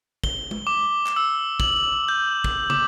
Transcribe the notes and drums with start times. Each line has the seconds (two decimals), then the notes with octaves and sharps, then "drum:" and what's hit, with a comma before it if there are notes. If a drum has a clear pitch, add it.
0.24 G7, drum: kick
0.51 drum: tom G#3
0.67 D6
1.06 drum: clap
1.16 E6
1.60 F#7, drum: kick
2.09 G6
2.44 drum: kick
2.70 D6, drum: tom